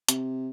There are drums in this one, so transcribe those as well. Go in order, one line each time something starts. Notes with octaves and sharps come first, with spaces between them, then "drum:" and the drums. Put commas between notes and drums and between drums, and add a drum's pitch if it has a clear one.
C3, drum: hi-hat